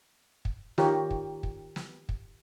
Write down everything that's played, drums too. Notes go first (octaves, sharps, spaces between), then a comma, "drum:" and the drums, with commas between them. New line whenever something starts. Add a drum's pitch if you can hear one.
drum: kick
D#3 F4 G4 A#4 C#5, drum: snare
drum: kick
drum: kick
drum: snare
drum: kick